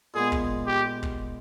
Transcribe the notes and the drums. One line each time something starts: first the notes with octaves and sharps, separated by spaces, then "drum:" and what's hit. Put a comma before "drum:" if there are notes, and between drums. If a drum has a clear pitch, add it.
A#2 G#3 B3 G#4
drum: kick
G4
drum: kick